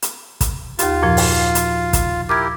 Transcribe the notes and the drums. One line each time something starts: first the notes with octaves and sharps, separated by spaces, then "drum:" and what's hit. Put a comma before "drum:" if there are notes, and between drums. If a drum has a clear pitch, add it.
drum: hi-hat
drum: kick, hi-hat
D#2 F4 G4, drum: hi-hat
F#2 A#2 F3
drum: open hi-hat
drum: hi-hat
drum: kick, hi-hat
E4 G4 A#4 D6 E6 G#6